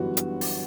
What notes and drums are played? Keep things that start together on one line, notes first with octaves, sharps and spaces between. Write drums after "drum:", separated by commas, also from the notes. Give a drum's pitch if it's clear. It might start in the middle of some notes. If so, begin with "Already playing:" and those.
Already playing: G1 F#2 E3 G3 B3 F#4
drum: hi-hat
drum: open hi-hat